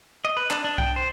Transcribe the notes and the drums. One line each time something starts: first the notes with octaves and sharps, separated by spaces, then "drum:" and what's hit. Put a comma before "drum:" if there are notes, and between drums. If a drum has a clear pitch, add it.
D#5
B4
D4, drum: clap
D4
G5, drum: kick C2
C5